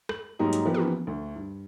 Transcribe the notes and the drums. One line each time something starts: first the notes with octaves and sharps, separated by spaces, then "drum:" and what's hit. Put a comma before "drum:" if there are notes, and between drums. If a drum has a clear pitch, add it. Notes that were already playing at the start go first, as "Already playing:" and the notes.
F#7, drum: rim click
G#2 F#3 G3 A#3 D#4 G4
drum: hi-hat
E3 F3 B3 G4 A#4 B4
drum: tom
D2
G2